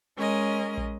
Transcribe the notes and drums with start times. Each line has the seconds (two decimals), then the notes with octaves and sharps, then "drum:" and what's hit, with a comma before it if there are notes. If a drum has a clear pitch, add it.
0.17 G#3 C#4 A#4 D#5
0.77 drum: kick